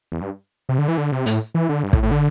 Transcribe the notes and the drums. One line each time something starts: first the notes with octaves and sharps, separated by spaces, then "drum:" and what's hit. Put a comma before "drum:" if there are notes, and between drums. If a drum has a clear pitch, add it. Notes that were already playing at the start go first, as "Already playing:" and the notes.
E2
G2
C3
D3
E3
D3
C3
A2, drum: hi-hat
E3
D3
G2
A2, drum: kick
A2
D3